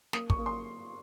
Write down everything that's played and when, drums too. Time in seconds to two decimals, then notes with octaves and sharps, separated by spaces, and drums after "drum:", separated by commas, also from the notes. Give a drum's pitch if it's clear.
0.13 A#3 D#6, drum: snare
0.30 C#6, drum: kick
0.38 A#3
0.46 C6